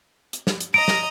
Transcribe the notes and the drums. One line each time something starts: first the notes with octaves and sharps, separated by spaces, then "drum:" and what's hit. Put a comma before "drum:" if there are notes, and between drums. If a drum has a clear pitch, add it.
drum: hi-hat
drum: snare
drum: hi-hat
D#5 A#5 D7
drum: snare